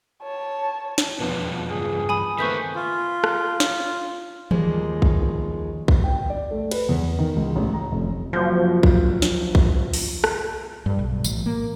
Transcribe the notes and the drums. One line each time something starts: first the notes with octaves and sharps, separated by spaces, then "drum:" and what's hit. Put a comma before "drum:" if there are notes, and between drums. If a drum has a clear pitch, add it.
C#5 A5
drum: snare
E1 F2 B2 F3 B3
C#2 G2 G#4
G#5 B5 D#6
D#3 A3 A#3 C4 B4 C#6 G6 B6
F4
drum: rim click
drum: snare
D#2 D#3 F3 G3 G#3 A#3, drum: tom E3
drum: kick
drum: kick
G5
D5
A3
B4, drum: cymbal
E2
D#3
C#2
A1
A#5
F1
F#1 F3 F#4 G6
drum: kick
drum: snare
drum: kick
drum: open hi-hat
drum: rim click
G2
B1
A1, drum: tambourine
A#3